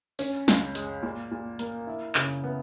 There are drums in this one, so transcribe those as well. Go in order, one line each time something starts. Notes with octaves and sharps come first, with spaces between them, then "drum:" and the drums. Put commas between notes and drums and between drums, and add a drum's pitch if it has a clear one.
C#4, drum: open hi-hat
C#2, drum: snare
G#3, drum: hi-hat
A#2
A#2
A#3, drum: hi-hat
E4
C#3, drum: clap
B3